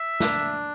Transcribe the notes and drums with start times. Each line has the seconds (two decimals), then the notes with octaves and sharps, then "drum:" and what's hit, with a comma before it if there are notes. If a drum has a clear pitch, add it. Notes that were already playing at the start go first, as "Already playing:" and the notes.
Already playing: E5
0.20 D4, drum: snare